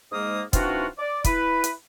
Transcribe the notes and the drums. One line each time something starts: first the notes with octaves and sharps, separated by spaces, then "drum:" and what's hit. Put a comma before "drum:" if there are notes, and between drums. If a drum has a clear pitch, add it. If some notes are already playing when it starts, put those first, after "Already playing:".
G#2 G#3 A#3 D#6
E3 C4 D4 D#4 F4 F#4, drum: kick, hi-hat
D5
E4 B4, drum: kick, hi-hat
drum: hi-hat